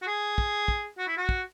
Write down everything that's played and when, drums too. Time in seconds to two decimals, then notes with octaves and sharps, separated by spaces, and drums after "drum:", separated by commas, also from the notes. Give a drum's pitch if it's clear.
0.02 F#4
0.07 G#4
0.38 drum: kick
0.68 drum: kick
0.98 F#4
1.08 E4
1.17 F#4
1.29 drum: kick